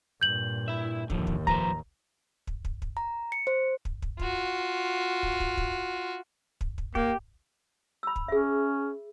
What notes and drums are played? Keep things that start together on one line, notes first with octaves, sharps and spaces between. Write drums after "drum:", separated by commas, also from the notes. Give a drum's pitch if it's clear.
G2 A#2 G6 F#7
E4 E5
D#2 A2 D3 F3, drum: kick
drum: kick
F3 B4 C5 A#5, drum: kick
drum: kick
drum: kick
drum: kick
A#5
C#7
C5
drum: kick
drum: kick
F4 F#4, drum: kick
drum: kick
drum: kick
drum: kick
drum: kick
drum: kick
A#3 G4, drum: kick
B5 E6
drum: kick
C#4 G#4 E5